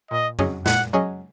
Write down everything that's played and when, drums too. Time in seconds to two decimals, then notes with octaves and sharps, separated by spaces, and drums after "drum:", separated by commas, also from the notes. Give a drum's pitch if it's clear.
0.11 A#2 D#5
0.39 F#3 C#4 G#4 D#5, drum: tom F2
0.66 A#2 F#5, drum: snare
0.93 F#3 C#4 G#4 D#5